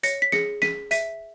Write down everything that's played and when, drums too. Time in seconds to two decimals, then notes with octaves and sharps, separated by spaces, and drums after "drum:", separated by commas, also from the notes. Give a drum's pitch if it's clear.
0.03 C#5 A#6 C#7, drum: hi-hat
0.22 B6
0.32 G#4 A#6 C#7, drum: snare
0.62 G#4 B6 D#7, drum: snare
0.91 E5 B6 D#7, drum: hi-hat